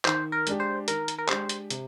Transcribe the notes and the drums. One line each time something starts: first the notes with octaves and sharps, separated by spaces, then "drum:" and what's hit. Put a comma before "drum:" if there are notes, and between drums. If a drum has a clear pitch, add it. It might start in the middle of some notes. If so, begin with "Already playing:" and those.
D#3 C5, drum: clap
A#4
G#3 D4 G4, drum: hi-hat
C5
D#3 A#4, drum: hi-hat
drum: hi-hat
A#4
G#3 D4 G4 C5, drum: clap
drum: hi-hat
C3, drum: hi-hat